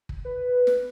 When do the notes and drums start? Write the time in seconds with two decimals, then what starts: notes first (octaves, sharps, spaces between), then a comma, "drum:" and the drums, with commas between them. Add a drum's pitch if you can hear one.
0.09 drum: kick
0.25 B4
0.67 drum: snare